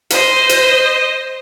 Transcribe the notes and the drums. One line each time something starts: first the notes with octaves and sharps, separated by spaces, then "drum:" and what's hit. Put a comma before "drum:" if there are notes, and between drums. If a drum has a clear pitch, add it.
C5 D#5, drum: hi-hat
drum: hi-hat